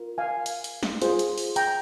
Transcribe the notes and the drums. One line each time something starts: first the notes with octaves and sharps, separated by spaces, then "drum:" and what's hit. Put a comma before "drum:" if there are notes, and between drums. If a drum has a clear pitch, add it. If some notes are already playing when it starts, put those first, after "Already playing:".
Already playing: F4 A#4
F5 G#5
drum: hi-hat
drum: hi-hat
drum: snare
F4 G#4 C5, drum: hi-hat
drum: hi-hat
drum: open hi-hat
G5 A#5, drum: hi-hat